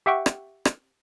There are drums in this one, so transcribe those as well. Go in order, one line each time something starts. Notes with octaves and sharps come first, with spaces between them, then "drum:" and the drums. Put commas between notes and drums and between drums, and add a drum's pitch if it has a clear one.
G4 E5 F#5 G5 C#6
drum: rim click
drum: rim click